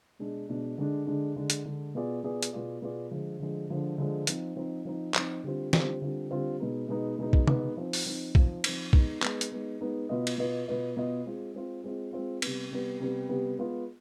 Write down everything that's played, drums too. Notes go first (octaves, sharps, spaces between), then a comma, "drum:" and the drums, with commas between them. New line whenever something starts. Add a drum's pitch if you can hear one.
B2 G#3 D4
B2 G#3 D4
D3 G#3 D4
D3 G#3 D4
D3 G#3 D4
drum: hi-hat
D3 G#3 D4
B2 B3 F4 G#4 D5
B2 B3 F4 G#4 D5
drum: hi-hat
B2 B3 F4 G#4 D5
B2 B3 F4 G#4 D5
D3 F3 G#3
D3 F3 G#3
D3 F3 G#3
D3 F3 G#3
F3 C4 D#4, drum: hi-hat
F3 C4 D#4
F3 C4 D#4
F3 C4 D#4, drum: clap
D3 G3 C4 F4 C5
D3 G3 C4 F4 C5, drum: snare
D3 G3 C4 F4 C5
D3 G3 C4 F4 C5
B2 G#3 B3 D#4
B2 G#3 B3 D#4
B2 G#3 B3 D#4
drum: kick
B2 G#3 B3 D#4, drum: tom
F3 C4 D#4
drum: open hi-hat
F3 C4 D#4
F3 C4 D#4, drum: kick
F3 C4 D#4, drum: cymbal
G#3 B3 D#4, drum: kick
G#3 B3 D#4, drum: clap
drum: hi-hat
G#3 B3 D#4
G#3 B3 D#4
B2 B3 F4 B4 D#5
drum: cymbal
B2 B3 F4 B4 D#5
B2 B3 F4 B4 D#5
B2 B3 F4 B4 D#5
G#3 C4 F4
G#3 C4 F4
G#3 C4 F4
G#3 C4 F4
C3 G3 B3, drum: cymbal
C3 G3 B3
C3 G3 B3
C3 G3 B3
G#3 B3 F4 B4